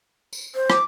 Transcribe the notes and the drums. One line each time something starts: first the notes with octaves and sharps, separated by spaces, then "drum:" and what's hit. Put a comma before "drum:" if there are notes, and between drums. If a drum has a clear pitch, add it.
drum: tambourine
C5
D6, drum: rim click